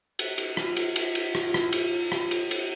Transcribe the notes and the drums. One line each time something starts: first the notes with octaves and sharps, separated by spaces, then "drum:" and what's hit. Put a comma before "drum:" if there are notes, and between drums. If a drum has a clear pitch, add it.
F#4, drum: cymbal
drum: cymbal
F4, drum: rim click
drum: cymbal
drum: cymbal
drum: cymbal
F4, drum: rim click
F#4
E4, drum: rim click
F4
F4, drum: cymbal
drum: rim click
drum: cymbal
F#4, drum: cymbal